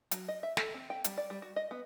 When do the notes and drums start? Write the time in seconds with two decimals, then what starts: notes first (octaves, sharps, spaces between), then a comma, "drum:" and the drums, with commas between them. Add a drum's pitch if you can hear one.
0.11 F#3, drum: hi-hat
0.28 D#5
0.43 E5
0.57 A4, drum: snare
0.74 C4
0.90 G5
1.04 G3, drum: hi-hat
1.18 D5
1.30 G3
1.42 F#4
1.56 D#5
1.71 B3